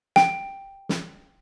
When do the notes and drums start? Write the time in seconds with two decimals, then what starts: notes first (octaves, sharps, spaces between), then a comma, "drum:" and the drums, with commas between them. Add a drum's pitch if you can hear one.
0.16 G5, drum: snare
0.89 drum: snare